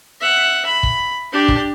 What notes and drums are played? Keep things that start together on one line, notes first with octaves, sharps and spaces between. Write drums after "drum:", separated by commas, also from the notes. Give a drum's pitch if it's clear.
E5 F#5
B5
drum: kick
D4 G4
drum: kick